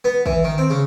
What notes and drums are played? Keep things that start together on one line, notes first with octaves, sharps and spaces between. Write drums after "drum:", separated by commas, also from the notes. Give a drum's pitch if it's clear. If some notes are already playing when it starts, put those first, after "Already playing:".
B3
E3, drum: kick
D#3
C4
C#3